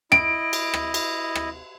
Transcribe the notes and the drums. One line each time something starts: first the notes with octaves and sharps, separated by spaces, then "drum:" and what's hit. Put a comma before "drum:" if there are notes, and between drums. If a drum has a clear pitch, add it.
E4 D#5 D7, drum: rim click
drum: cymbal
drum: rim click
drum: cymbal
drum: rim click